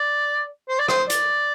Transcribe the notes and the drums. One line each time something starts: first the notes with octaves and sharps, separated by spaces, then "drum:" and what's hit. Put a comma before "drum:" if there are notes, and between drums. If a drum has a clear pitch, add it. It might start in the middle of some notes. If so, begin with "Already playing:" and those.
Already playing: D5
C5
D5
C5, drum: rim click
D5, drum: hi-hat